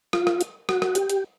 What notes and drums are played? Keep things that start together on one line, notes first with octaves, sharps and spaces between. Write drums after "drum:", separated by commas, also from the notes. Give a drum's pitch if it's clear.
F4, drum: rim click
drum: rim click
drum: hi-hat
F#4, drum: rim click
drum: rim click
G4, drum: hi-hat
drum: hi-hat